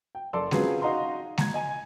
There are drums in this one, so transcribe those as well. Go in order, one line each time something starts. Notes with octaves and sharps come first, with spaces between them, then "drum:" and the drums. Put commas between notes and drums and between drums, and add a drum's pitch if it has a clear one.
G5
F#1 A4 D5 C6 E6
F#3 C4 C#4 F4 G#4 B4, drum: snare G#3
D#4 F#4 D#5 F5 A#5 C6
A#5 G#6, drum: snare G#3
D#5 G#5